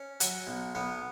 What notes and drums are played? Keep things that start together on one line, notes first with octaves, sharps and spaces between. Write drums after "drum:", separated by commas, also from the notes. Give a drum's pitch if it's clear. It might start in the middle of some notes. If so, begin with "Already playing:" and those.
Already playing: C#4
F#3, drum: hi-hat
B1
B1 B3